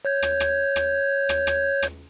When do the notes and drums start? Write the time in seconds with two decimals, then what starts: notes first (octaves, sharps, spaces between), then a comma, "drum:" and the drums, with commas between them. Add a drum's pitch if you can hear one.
0.05 C#5 G6 G#6
0.22 drum: rim click
0.40 drum: rim click
0.76 drum: rim click
1.29 drum: rim click
1.47 drum: rim click
1.82 drum: rim click